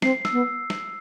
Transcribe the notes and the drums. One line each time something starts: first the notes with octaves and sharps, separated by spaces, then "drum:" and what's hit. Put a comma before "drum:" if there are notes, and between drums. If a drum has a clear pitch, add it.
C4 C7, drum: snare
E6, drum: snare
B3
drum: snare